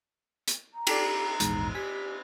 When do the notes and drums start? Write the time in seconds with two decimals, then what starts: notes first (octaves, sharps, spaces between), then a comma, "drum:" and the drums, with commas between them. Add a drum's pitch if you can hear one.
0.48 drum: hi-hat
0.74 A#5
0.87 G4 A4 D5, drum: cymbal
1.40 A#1 E2 G#2, drum: hi-hat
1.75 G4 G#5 B6